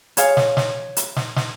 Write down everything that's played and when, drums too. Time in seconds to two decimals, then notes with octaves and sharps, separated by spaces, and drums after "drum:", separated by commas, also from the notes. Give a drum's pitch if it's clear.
0.17 G#4 C#5 F5, drum: hi-hat
0.37 drum: snare
0.57 drum: snare
0.97 drum: hi-hat
1.16 drum: snare
1.36 drum: snare